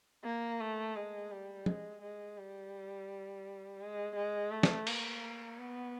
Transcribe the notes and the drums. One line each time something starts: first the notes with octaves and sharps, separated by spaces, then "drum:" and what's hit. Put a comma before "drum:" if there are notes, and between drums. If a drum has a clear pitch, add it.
A#3
A3
G#3
G3
G#3, drum: tom
G#3
G3
G#3
G#3
A3
drum: snare
A#3, drum: cymbal
B3